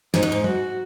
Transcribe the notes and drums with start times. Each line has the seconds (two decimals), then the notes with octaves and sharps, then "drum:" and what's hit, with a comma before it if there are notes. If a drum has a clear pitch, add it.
0.14 G#2 D#4, drum: snare
0.23 F#2
0.32 G#2
0.44 F#4, drum: tom